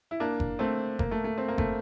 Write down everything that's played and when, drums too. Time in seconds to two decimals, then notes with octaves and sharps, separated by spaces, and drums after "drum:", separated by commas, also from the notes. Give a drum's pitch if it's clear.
0.11 E4
0.20 A#3 D4
0.40 drum: kick F#1
0.59 A3 C4
0.99 A#3, drum: kick F#1
1.11 A3
1.24 A3
1.38 C4
1.48 A#3
1.58 A3, drum: kick F#1